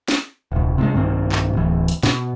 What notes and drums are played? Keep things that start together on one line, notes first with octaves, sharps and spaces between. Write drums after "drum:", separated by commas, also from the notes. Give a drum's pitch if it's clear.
drum: snare
D#1 C2
C3 D#3 G#3
B1 G2 D#3 C4
drum: clap
D1 E3
drum: hi-hat
B2, drum: snare